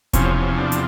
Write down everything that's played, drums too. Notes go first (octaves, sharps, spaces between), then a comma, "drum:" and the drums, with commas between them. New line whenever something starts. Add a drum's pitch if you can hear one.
E2 C3 F3 C#4, drum: kick E1, hi-hat
C#4
D4
drum: hi-hat